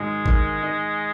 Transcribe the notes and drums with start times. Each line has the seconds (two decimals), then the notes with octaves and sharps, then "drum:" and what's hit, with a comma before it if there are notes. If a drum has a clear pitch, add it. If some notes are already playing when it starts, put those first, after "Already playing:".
Already playing: G#2 D#3 F#3 G#3
0.26 D#3, drum: kick A1
0.62 D#4